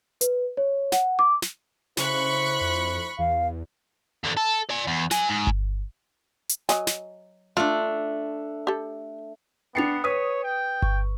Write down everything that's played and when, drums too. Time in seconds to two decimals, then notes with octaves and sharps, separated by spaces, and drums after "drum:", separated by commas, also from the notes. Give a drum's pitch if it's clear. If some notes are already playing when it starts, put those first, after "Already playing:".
0.21 B4, drum: hi-hat
0.57 C#5
0.92 F#5, drum: snare
1.19 D6
1.42 drum: snare
1.97 D2 C#3 E4 C5 B5 C#6 F#6, drum: snare
2.61 F2
3.19 E2 F5
4.24 E2 D3
4.37 A4
4.70 D5 G#5
4.87 E2
5.11 F#4 G#5, drum: snare
5.29 G#2
5.47 drum: kick G1
6.49 drum: hi-hat
6.69 F#3 D#5 G#5, drum: snare
6.87 drum: snare
7.57 A3 D4 F4
8.67 G4 A4
9.75 B3 D4 G5 A6 C7 C#7 F7
10.04 B4 C#5 D#6 B6 D#7
10.44 G5
10.82 C#6, drum: kick G1